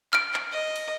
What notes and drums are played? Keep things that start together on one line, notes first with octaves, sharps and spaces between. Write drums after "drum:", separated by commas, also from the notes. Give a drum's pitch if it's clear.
F6 D7, drum: clap
drum: clap
D#5
drum: cymbal